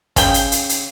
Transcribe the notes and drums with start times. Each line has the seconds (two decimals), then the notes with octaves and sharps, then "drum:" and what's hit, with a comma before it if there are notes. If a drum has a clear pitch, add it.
0.16 C#3 G5, drum: kick, hi-hat
0.34 drum: hi-hat
0.52 drum: hi-hat
0.69 drum: hi-hat